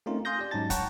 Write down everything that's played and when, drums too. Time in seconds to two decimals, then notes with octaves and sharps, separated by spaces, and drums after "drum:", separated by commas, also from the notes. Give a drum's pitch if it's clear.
0.06 A3 C4 C#4 D#4 F4 A#4
0.25 F5 G#5 C6 D#6 G6 A#6
0.38 G4 D5
0.51 G#2 F#3 C#4 D#4 A5 A6
0.70 C#5 F#5 G5 A5 A#5 C#6, drum: kick, hi-hat